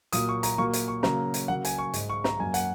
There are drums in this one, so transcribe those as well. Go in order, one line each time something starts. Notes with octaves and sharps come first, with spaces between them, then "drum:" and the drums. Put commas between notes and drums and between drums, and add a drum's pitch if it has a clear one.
A#2 F#3 A#3 D#6, drum: hi-hat
C#6
A#5, drum: hi-hat
A#2 F#3 A#3 C#6
drum: hi-hat
C#6
C#3 F#3 A#3 A#5, drum: snare
drum: hi-hat
C#3 F#3 A#3 F#5
G#5, drum: hi-hat
C#6
G#2 G#3, drum: hi-hat
C#6
A#5, drum: snare
F#2 F#3 A#3 G#5
F#5, drum: hi-hat